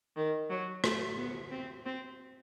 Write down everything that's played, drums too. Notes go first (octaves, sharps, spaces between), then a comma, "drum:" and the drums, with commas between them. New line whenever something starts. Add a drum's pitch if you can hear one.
D#3
F#3
A3, drum: rim click
B3
C4
C4